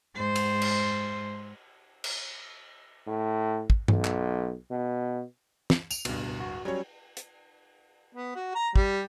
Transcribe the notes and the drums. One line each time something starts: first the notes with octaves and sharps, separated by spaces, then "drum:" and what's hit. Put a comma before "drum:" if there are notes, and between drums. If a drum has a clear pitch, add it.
G#2 C5
drum: cymbal
drum: cymbal
drum: cymbal
A2
drum: kick
B1, drum: tom G2
drum: clap
B2
drum: snare
F7, drum: tambourine
D1 G2 B2, drum: cymbal
F#4
F#3 G3 C#4 C#5
drum: hi-hat
B3
F#4
A#5
G3, drum: kick